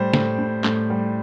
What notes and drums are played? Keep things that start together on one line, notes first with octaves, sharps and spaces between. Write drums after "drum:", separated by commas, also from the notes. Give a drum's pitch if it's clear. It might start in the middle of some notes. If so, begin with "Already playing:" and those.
Already playing: A2 G3 C5
A2, drum: snare
A2
A2, drum: clap
G3